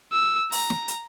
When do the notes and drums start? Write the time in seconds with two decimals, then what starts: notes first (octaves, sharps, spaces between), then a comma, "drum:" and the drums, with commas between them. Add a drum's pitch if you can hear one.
0.13 E6
0.52 A#5, drum: open hi-hat
0.70 drum: snare
0.88 drum: hi-hat